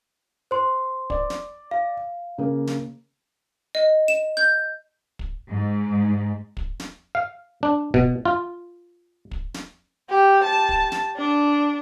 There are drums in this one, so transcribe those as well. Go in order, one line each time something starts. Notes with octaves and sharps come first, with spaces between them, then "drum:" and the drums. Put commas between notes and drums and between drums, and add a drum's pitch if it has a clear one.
C5 C6
D5, drum: kick
drum: snare
F5
C#3 A#3
drum: snare
D#5
E7
G6
drum: kick
G#2
drum: kick
drum: snare
F5
D4
B2, drum: kick
F4
drum: kick
drum: snare
G4
A5
drum: kick
drum: snare
D4